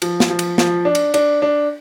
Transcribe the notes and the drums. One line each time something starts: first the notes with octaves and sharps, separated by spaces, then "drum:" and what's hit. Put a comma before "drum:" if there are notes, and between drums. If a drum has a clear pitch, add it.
F3, drum: cymbal
drum: snare
F3
drum: cymbal
F3, drum: snare
D4
drum: cymbal
D4, drum: cymbal
D4